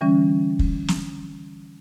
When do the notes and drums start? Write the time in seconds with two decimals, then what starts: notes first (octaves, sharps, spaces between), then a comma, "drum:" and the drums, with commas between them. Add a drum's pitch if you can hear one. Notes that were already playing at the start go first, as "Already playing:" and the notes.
0.01 D3 E3 G3 C#4
0.59 drum: kick
0.88 drum: snare